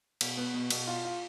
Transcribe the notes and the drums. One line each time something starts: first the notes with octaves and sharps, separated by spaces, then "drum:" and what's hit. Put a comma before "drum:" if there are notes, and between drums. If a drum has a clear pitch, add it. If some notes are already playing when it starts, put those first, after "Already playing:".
B2, drum: cymbal
B3
B2
B2, drum: cymbal
F4
F4